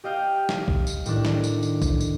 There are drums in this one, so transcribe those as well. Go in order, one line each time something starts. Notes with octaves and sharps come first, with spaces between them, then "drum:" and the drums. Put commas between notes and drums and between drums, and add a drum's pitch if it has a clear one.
G4 D#5 F5 G5
drum: snare
drum: kick
drum: tambourine
A2 D#3 D4, drum: tambourine
drum: snare
drum: tambourine
drum: tambourine
drum: kick, tambourine
drum: tambourine